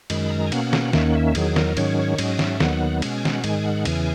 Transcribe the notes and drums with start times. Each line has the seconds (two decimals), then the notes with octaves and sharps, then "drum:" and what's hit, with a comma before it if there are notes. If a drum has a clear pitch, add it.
0.10 F#2 D#3 G#3 B5, drum: cymbal
0.31 A#5
0.47 G#5
0.52 B2 A#3 C#4 F#5, drum: cymbal
0.73 drum: snare
0.93 D#2 D#3 A#3 C#4 E5, drum: snare
1.05 F#5
1.15 E5
1.35 E2 D#3 F#3 G#4, drum: cymbal
1.56 A#4, drum: snare
1.77 G#2 D#3 F#3 C#4 C#5, drum: cymbal
1.99 C#5
2.18 G#2 F#3 C#4 D#5, drum: cymbal
2.39 E5, drum: snare
2.60 D#2 D#3 F#3 B3 F#5, drum: snare
3.02 B2 G#3 C#4 F#5, drum: cymbal
3.14 G#5
3.25 F#5, drum: snare
3.44 G#2 D#3 G#3 G#5, drum: cymbal
3.65 F#5
3.85 E2 C#3 E3 G#5, drum: cymbal